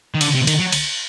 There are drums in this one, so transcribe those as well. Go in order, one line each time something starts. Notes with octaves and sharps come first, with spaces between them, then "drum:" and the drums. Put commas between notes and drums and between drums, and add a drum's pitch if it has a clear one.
D#3
D3, drum: cymbal
C3
D#3, drum: cymbal
F#3
drum: cymbal